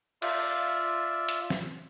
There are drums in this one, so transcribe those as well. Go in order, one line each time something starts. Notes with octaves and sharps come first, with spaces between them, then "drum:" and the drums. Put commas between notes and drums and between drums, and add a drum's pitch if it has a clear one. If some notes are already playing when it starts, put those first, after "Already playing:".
F4 D5 E5, drum: cymbal
drum: hi-hat
drum: snare